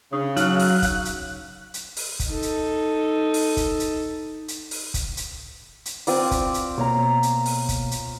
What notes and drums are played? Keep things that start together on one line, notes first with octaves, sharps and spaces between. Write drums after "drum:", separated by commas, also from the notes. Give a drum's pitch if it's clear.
C#3 D4 D#6
F#3 D#4 F5 F#6, drum: hi-hat
drum: open hi-hat
drum: kick, hi-hat
drum: hi-hat
drum: hi-hat
drum: open hi-hat
drum: kick, hi-hat
D#4 A4
drum: hi-hat
drum: open hi-hat
drum: kick, hi-hat
drum: hi-hat
drum: hi-hat
drum: open hi-hat
drum: kick, hi-hat
drum: hi-hat
drum: hi-hat
C4 F4 D5, drum: open hi-hat
drum: kick, hi-hat
drum: hi-hat
B2 A#3 C#5 A#5
drum: hi-hat
drum: open hi-hat
drum: kick, hi-hat
drum: hi-hat